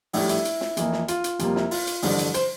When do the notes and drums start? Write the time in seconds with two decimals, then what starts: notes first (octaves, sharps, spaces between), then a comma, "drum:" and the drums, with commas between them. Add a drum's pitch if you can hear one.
0.13 A#1 A2 G3 E4, drum: open hi-hat
0.29 E4, drum: hi-hat
0.45 drum: hi-hat
0.61 drum: snare
0.77 F2 E3 A#3, drum: hi-hat
0.92 drum: snare
1.08 F4, drum: hi-hat
1.24 drum: hi-hat
1.39 F2 C3 G3 A#3 F4, drum: hi-hat
1.56 E4, drum: snare
1.71 F4, drum: open hi-hat
1.87 drum: hi-hat
2.03 A1 G2 D3 F3, drum: open hi-hat
2.19 drum: hi-hat
2.34 C5, drum: hi-hat